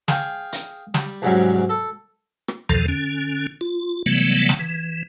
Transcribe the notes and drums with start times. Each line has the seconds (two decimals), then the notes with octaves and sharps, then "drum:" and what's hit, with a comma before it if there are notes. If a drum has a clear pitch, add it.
0.08 G#4 F5 G5 G#5, drum: snare
0.52 drum: hi-hat
0.94 G3, drum: snare
1.22 E2 G#2 C3 F#3 G3 C#4
1.69 A4
2.48 drum: rim click
2.69 B2 D#3 F3 A4, drum: tom E2
2.88 D3 C#4
3.61 F4
4.06 C3 E3 F#3 G3 A3 B3
4.49 drum: snare
4.59 E3